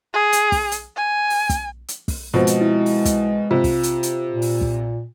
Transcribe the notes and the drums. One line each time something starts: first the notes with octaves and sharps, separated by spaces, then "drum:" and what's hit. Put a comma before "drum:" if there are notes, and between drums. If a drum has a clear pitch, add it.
G#4
drum: hi-hat
drum: kick, open hi-hat
drum: hi-hat
G#5
drum: open hi-hat
drum: kick, hi-hat
drum: hi-hat
drum: kick, open hi-hat
B2 F3 G#3 C4
drum: hi-hat
E4
drum: open hi-hat
drum: kick, hi-hat
C3 F4
drum: kick, open hi-hat
drum: hi-hat
drum: hi-hat
A#2
drum: open hi-hat
drum: kick